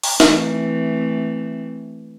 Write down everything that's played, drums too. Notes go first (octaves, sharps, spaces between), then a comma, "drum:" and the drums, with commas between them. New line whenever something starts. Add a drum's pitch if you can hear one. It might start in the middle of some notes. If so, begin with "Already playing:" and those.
drum: open hi-hat
E3 A3 C4, drum: snare